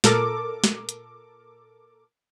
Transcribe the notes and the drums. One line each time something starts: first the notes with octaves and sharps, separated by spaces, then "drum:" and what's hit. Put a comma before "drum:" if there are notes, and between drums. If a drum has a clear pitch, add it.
A#2 A4 A#4 D6, drum: snare
drum: snare
drum: hi-hat